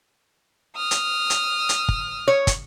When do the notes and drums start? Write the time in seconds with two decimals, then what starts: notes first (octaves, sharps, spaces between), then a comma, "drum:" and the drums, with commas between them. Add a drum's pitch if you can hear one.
0.76 D#6 F6
0.91 drum: hi-hat
1.30 drum: hi-hat
1.69 drum: hi-hat
1.89 drum: kick
2.28 C#5
2.47 drum: kick, hi-hat